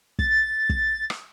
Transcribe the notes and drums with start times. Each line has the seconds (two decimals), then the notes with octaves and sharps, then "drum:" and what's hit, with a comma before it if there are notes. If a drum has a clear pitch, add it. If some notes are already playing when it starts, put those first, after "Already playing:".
0.19 A6, drum: kick
0.69 drum: kick
1.10 drum: rim click